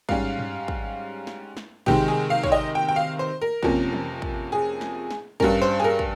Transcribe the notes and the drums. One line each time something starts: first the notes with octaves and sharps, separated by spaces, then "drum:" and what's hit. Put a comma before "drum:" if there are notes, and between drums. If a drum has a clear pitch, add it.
G#2 G3 C#4 F5, drum: kick
drum: tom
drum: kick
drum: snare
drum: snare
C3 D#3 G#3 C4 G4, drum: kick
G#4
F5
C#5, drum: kick
D#5
G5
G5
F5
C5
A#4
F2 C3 F3 A#3 C#4, drum: kick
drum: tom
drum: kick
G#4
drum: snare
drum: snare
G2 G3 C#4 A#4, drum: kick
C5
G#4
A#4
drum: kick